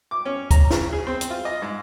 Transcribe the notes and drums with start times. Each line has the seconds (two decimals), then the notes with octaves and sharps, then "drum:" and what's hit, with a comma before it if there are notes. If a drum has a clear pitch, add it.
0.11 D6
0.26 C#4
0.51 A#5, drum: kick, hi-hat
0.71 C#3, drum: snare
0.93 G#4
1.07 C4
1.21 drum: hi-hat
1.30 F4
1.45 D#5
1.62 G#2